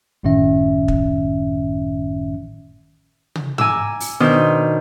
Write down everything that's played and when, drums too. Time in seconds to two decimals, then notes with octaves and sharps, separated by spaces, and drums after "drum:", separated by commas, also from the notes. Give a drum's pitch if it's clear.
0.23 G#1 F#2 A2 D#3 C#4 E5
0.88 drum: kick
3.35 drum: tom
3.58 G#5 A#5 D6 E6, drum: tom G#2
4.00 drum: open hi-hat
4.20 B2 D#3 D4 C5